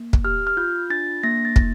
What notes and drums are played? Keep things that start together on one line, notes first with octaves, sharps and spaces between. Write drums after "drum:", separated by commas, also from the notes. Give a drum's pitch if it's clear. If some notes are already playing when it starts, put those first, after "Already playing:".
Already playing: A#3
drum: kick
G4 F6
F6
F4 G6
D4 A6
A#3 A#6
A6
E4, drum: kick